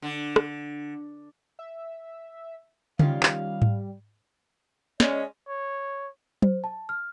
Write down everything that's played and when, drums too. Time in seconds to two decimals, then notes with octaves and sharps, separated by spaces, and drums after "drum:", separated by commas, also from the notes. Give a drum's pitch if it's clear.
0.02 D3
0.36 drum: rim click
1.59 E5
2.99 D#3 G3 C#4 F4 F5, drum: tom C#3
3.23 drum: clap
3.62 drum: tom G#2
5.00 G#3 C#4 D5 D#5, drum: snare
5.48 C#5
6.42 C5, drum: tom F#3
6.64 A5
6.89 F6